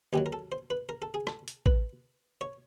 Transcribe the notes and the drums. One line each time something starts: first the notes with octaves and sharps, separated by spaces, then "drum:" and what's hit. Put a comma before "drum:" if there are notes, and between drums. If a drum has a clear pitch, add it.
D#2 D#3 F#3 G4
A#4
A4
C5
B4
A#4
A4
G#4
A4, drum: rim click
drum: hi-hat
B4, drum: kick A1
C#5